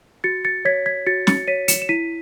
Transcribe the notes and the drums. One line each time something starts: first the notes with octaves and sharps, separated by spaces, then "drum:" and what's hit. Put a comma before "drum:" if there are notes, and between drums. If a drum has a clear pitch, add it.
F#4 A6 C#7
A6 C#7
C#5 G#6 B6
G#6 B6
F#4 A6 C#7
A6 C#7, drum: snare
C#5 B6 D#7
C#7 E7, drum: hi-hat
E7
E4 B6 D#7